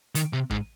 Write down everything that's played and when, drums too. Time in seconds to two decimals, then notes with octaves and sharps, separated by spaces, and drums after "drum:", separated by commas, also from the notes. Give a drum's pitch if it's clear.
0.15 D#3, drum: hi-hat
0.33 C3
0.51 G#2, drum: kick